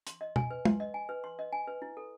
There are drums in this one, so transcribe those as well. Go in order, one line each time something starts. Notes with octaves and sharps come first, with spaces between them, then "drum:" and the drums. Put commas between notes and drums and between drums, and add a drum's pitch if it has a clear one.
C6, drum: hi-hat
D#5
G#5, drum: tom B2
B4
C6, drum: tom
D#5
G#5
B4
C6
D#5
G#5
B4
E4
A4